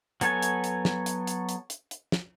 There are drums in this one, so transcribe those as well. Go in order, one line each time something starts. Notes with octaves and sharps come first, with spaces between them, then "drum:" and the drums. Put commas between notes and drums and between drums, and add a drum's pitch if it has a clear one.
F#3 B3 A4 C#5 G#5, drum: hi-hat
drum: hi-hat
drum: hi-hat
drum: snare
drum: hi-hat
drum: hi-hat
drum: hi-hat
drum: hi-hat
drum: hi-hat
drum: snare